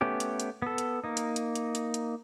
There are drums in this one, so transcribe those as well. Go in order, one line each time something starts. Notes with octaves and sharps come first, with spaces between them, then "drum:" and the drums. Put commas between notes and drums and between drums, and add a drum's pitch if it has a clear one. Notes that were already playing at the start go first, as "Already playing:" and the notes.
A3 B3 C#4 G4
drum: hi-hat
drum: hi-hat
B3 A4
drum: hi-hat
A#3 D#4
drum: hi-hat
drum: hi-hat
drum: hi-hat
drum: hi-hat
drum: hi-hat